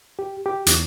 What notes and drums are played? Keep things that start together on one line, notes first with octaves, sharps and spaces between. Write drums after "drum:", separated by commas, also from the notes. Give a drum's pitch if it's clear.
G4
G4
E2, drum: hi-hat